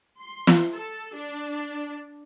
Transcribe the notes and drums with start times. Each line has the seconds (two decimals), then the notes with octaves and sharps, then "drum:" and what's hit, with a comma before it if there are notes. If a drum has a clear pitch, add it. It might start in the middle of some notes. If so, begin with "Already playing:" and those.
0.20 C6
0.47 drum: snare
0.73 A4
1.15 D4